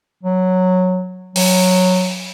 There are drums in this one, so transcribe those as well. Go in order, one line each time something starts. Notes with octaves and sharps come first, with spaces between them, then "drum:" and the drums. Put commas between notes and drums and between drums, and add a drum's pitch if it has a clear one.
F#3
F#3, drum: open hi-hat